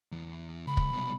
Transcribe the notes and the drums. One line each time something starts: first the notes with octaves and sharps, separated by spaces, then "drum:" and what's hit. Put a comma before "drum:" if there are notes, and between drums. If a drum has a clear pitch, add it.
E2
C#2 B5
drum: kick
C2 B2